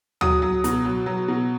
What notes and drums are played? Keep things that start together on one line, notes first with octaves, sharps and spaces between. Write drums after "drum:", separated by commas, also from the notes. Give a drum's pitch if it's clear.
F#3 D#6, drum: tom D2
F#3
B2, drum: hi-hat
F#3
F#3
B2